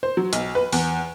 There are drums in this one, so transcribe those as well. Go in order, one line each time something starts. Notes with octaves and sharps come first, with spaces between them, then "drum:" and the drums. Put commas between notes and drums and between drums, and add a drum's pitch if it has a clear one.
C5
F#3
B1, drum: hi-hat
B4
E2, drum: open hi-hat